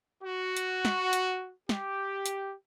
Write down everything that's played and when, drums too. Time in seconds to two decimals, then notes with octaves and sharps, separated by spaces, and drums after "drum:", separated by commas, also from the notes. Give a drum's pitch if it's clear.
0.24 F#4
0.57 drum: hi-hat
0.85 drum: snare
1.13 drum: hi-hat
1.69 G4, drum: snare
2.26 drum: hi-hat